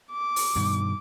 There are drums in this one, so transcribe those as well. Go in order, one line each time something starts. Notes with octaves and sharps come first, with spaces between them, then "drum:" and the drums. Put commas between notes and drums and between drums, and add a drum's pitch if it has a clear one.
D6
drum: open hi-hat
G2 B2 D#3